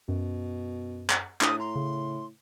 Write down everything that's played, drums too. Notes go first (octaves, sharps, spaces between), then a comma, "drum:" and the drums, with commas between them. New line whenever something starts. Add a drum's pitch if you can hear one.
F#2 B2
drum: clap
A2 D4 D#6, drum: clap
A#5 C6
C#3